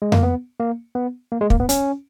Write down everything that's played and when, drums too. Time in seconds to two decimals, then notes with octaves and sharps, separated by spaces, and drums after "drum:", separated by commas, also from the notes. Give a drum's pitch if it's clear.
0.02 G#3
0.12 A#3, drum: tom F2
0.23 B3
0.59 A#3
0.95 B3
1.32 A#3
1.41 G#3
1.50 A#3, drum: kick
1.60 B3
1.69 C#4, drum: hi-hat